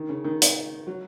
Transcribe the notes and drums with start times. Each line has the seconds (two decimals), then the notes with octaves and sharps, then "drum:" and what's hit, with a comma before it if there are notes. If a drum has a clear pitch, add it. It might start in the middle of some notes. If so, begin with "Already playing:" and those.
Already playing: D#3
0.09 C#3
0.24 D#3
0.42 drum: hi-hat
0.87 F#3